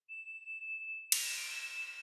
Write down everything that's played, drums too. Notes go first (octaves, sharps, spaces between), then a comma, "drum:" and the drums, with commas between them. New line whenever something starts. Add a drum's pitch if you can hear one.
E7
F7, drum: cymbal
E7
D7
E7
E7